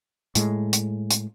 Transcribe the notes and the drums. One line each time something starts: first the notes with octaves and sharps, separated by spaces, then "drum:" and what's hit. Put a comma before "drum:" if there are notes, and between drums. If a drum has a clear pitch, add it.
A2 G#3, drum: hi-hat
drum: hi-hat
drum: hi-hat